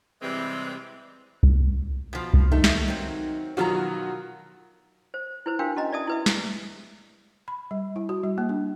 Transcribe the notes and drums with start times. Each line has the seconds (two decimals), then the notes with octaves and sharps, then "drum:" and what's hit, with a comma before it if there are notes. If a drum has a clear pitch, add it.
0.22 C3 E3 G3 G#3 C4
1.43 drum: kick C2
2.13 B2 F3
2.34 drum: kick C2
2.52 D#3 A3
2.64 drum: snare
2.88 F#3 C4
3.57 B2 D#3 F#3 F4 F#4 A#5
5.14 C5
5.46 E4 B4 C5
5.59 D4 F#4 A#4 F5 G5
5.76 C#4 F#4 D#5 A#5
5.93 D5 E5 A5 D#6
6.07 E4 B4 E5
6.26 drum: snare
7.48 B5
7.71 G3
7.96 E4
8.09 F#4
8.24 G3
8.38 A#3
8.49 D4